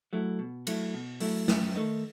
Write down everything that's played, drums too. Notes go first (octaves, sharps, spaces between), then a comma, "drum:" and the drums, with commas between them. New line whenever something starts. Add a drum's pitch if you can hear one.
F#3 A3 E4
B2
F#3 A3 E4, drum: cymbal
B2
F#3 A3 E4, drum: open hi-hat
F#2, drum: snare
D#3 A3 D#4